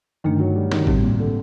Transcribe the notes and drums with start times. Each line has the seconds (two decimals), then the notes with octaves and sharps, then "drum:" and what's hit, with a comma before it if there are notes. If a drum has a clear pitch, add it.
0.24 G2 D3 D#3 A3 D4
0.40 F#3
0.56 G3
0.72 D#3, drum: snare
0.87 A2 C3 G3 C4, drum: kick
1.03 A#2
1.19 D3